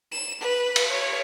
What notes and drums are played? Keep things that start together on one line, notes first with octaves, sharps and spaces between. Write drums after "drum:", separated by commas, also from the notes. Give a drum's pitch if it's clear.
E7
B4
drum: cymbal
C#5